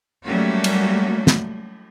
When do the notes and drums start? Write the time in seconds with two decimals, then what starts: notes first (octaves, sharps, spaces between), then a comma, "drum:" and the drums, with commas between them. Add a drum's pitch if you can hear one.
0.25 F#3 G3 A3 A#3 C#4 F#4
0.64 drum: cymbal
1.27 drum: snare